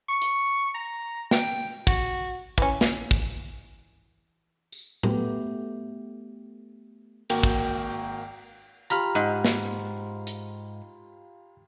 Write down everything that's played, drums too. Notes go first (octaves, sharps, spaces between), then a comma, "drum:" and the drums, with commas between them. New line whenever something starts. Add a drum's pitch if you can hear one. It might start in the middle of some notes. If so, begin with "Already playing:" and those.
C#6
drum: hi-hat
A#5
G5, drum: snare
F#4, drum: kick
E3 C#4, drum: kick
drum: snare
drum: kick
drum: tambourine
A3 B3 G4, drum: tom A2
G#1 A#3 F#4 G5, drum: cymbal
drum: kick
F4 G4 A#5 B5 F6, drum: hi-hat
G#2
drum: snare
drum: hi-hat